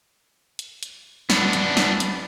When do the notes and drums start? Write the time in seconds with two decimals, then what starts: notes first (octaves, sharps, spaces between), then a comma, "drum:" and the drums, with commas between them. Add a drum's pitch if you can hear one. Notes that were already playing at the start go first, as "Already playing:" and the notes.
0.59 drum: hi-hat
0.83 drum: hi-hat
1.30 B3 D4, drum: snare
1.53 drum: hi-hat
1.77 drum: snare
2.00 drum: hi-hat